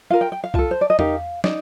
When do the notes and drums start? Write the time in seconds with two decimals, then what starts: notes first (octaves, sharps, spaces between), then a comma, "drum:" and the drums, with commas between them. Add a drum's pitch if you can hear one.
0.10 F4 A#4 F5
0.21 G5
0.32 G5
0.44 F5
0.54 F4 A4 A5, drum: kick
0.71 C5
0.81 D5
0.90 D#5
0.99 D#4 G4 A#4 F5, drum: tom E2
1.44 D#4 D5, drum: snare